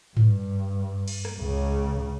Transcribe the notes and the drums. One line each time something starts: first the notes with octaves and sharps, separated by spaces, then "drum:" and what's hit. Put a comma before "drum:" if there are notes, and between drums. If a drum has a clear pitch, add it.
G2, drum: tom G#2
drum: cymbal
drum: rim click
C#2 C#3